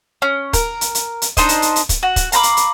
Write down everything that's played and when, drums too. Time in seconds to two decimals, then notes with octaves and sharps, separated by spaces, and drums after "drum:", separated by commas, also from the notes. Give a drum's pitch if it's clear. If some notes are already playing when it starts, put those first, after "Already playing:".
0.22 C#4
0.53 A#4, drum: kick, hi-hat
0.81 drum: hi-hat
0.95 drum: hi-hat
1.22 drum: hi-hat
1.37 D4 D#4 C5 D#5, drum: kick, hi-hat
1.49 drum: hi-hat
1.62 drum: hi-hat
1.76 drum: hi-hat
1.89 drum: kick, hi-hat
2.03 F#4
2.16 drum: kick, hi-hat
2.32 F5 A#5 B5 D6, drum: hi-hat
2.43 drum: hi-hat
2.57 drum: hi-hat